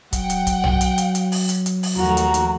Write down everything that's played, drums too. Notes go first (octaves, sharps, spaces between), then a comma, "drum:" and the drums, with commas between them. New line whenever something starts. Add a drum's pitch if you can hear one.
F#3 F#5 G5, drum: kick, hi-hat
drum: hi-hat
drum: kick, hi-hat
drum: tom B1
drum: hi-hat
drum: hi-hat
drum: hi-hat
drum: open hi-hat
drum: hi-hat
drum: hi-hat
drum: open hi-hat
D#2 F3 A3 F#4 A#5
drum: hi-hat
drum: hi-hat